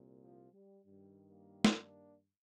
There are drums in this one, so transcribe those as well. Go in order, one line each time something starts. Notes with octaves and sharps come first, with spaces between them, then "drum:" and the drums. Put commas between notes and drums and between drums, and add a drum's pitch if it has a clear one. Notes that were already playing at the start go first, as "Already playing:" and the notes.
Already playing: C2 A#2
F3
G3
G2 D#3 G3
G3 A#3
drum: snare
A#3 D4